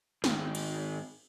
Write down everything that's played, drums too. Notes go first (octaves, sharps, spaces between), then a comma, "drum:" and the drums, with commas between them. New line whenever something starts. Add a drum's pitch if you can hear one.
G#2 D#3, drum: snare
drum: cymbal